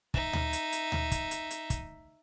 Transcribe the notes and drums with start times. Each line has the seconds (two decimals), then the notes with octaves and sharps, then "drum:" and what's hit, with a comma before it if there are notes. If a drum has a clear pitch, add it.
0.14 D#4 E5, drum: kick
0.33 drum: tom D2
0.53 drum: hi-hat
0.72 drum: hi-hat
0.92 drum: tom D2
1.11 drum: kick, hi-hat
1.31 drum: hi-hat
1.51 drum: hi-hat
1.70 drum: kick, hi-hat